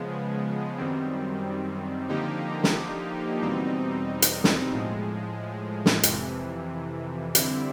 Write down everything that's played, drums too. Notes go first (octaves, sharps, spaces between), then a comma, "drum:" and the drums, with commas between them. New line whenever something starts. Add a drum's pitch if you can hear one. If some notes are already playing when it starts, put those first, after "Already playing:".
Already playing: C#3 F3 G#3 B3
F#2 D#3 G3 C4
D3 F3 A#3 D#4 G4
drum: snare
E2 B2 G3 C4 D#4
drum: hi-hat
drum: snare
A2 F3 G#3
drum: snare
F2 C3 E3, drum: hi-hat
D3 G3 C4 E4, drum: hi-hat